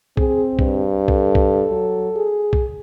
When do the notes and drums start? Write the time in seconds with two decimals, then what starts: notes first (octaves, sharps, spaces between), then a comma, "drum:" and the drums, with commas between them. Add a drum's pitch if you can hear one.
0.17 C4 G#4, drum: kick B1
0.59 G2, drum: kick B1
1.08 A4, drum: kick B1
1.35 drum: kick B1
1.72 F#3
2.16 G#4
2.53 drum: kick B1